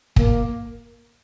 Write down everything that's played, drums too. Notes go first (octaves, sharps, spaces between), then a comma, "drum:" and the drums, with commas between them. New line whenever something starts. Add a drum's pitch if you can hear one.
A#3, drum: kick